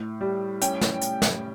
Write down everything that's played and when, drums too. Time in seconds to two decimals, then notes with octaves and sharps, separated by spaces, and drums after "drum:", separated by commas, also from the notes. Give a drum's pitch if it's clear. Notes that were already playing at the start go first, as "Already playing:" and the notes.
Already playing: A2
0.21 G3
0.62 C#4 G5, drum: hi-hat
0.81 drum: snare
1.02 drum: hi-hat
1.22 drum: snare